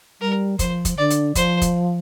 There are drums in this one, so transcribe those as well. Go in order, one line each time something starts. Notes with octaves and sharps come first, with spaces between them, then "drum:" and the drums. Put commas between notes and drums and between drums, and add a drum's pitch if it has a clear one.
G3 A#4
F3 C5, drum: kick, hi-hat
drum: kick, hi-hat
D3 D5
drum: hi-hat
F3 C5, drum: kick, hi-hat
drum: kick, hi-hat